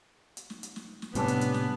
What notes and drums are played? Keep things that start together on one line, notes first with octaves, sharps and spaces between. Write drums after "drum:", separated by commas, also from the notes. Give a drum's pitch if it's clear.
drum: hi-hat
drum: snare
drum: hi-hat
drum: snare
drum: snare
A2 C3 G3 B3 C#4 D4 E6, drum: hi-hat
drum: hi-hat
drum: hi-hat
drum: snare